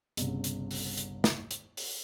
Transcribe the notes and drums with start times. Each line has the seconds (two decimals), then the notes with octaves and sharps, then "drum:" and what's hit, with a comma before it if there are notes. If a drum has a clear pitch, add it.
0.17 G1 C2 C#3, drum: hi-hat
0.44 drum: hi-hat
0.71 drum: open hi-hat
0.97 drum: hi-hat
1.24 drum: snare
1.51 drum: hi-hat
1.77 drum: open hi-hat